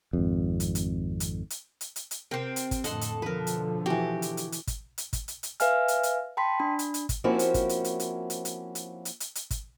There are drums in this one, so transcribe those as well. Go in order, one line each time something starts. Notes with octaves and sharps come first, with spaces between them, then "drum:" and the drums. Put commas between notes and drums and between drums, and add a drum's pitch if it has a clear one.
G#1 F2
drum: hi-hat
drum: hi-hat
drum: hi-hat
drum: hi-hat
drum: hi-hat
drum: hi-hat
drum: hi-hat
C3 C4 A#4 G5
drum: hi-hat
drum: kick, hi-hat
F2 A2 D3 A4 D#5 F#5 C6, drum: hi-hat
drum: hi-hat
B2 D3 F3 A#4 B4
drum: hi-hat
E3 F#4 G4
drum: hi-hat
drum: hi-hat
drum: hi-hat
drum: kick, hi-hat
drum: hi-hat
drum: kick, hi-hat
drum: hi-hat
drum: hi-hat
B4 E5 F5 G#5 F6, drum: hi-hat
drum: hi-hat
drum: hi-hat
G5 A5 B5 C6 B6
D4 B5
drum: hi-hat
drum: hi-hat
drum: kick, hi-hat
F3 A#3 C4 C#4 E4 F#4
drum: hi-hat
drum: kick, hi-hat
drum: hi-hat
drum: hi-hat
drum: hi-hat
drum: hi-hat
drum: hi-hat
drum: hi-hat
drum: hi-hat
drum: hi-hat
drum: hi-hat
drum: kick, hi-hat